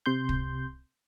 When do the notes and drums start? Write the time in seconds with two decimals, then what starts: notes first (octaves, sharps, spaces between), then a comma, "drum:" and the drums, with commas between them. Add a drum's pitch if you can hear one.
0.06 C3 C6 G6
0.29 drum: kick